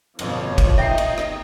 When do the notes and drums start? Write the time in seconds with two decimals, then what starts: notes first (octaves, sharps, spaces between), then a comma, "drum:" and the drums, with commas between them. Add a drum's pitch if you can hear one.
0.19 G1 F2 B2 F3 C#5, drum: cymbal
0.58 drum: kick, cymbal
0.78 D#4 D#5 E5 G5 C7
0.98 drum: cymbal
1.18 drum: rim click